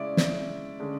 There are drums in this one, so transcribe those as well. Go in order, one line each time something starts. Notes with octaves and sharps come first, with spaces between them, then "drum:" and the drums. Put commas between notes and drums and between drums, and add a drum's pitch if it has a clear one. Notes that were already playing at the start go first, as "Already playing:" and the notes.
Already playing: C#3 G#3 C#4 E4 D5 E5
drum: snare
D3 G#3 C#4